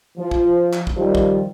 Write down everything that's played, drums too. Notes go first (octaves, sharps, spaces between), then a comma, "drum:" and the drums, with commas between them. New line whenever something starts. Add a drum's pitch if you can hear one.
F3
drum: kick
drum: clap
drum: kick
D#3 F3 G3
drum: kick